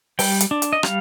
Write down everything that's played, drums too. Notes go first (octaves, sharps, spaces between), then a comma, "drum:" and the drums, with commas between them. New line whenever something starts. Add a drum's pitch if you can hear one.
G3 G5, drum: open hi-hat
drum: hi-hat
D4
drum: hi-hat
D#5
G3 F5, drum: rim click